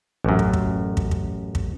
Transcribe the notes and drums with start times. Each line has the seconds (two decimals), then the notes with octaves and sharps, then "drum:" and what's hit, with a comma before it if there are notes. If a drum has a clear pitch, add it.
0.24 A1 F#2
0.39 drum: kick
0.53 drum: kick
0.97 drum: kick
1.11 drum: kick
1.55 drum: kick